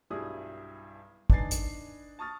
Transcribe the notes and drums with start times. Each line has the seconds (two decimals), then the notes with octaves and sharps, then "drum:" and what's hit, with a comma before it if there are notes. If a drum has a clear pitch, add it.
0.10 B1 G2 G3 E4 G#4 D#6
1.30 D4 D#4 B4 G#5 A6 C7, drum: kick
1.51 drum: hi-hat
2.19 A5 C#6 D#6 F6 A6